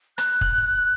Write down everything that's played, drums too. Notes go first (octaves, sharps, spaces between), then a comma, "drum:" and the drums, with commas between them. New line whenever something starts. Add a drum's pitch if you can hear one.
F#6, drum: rim click
drum: kick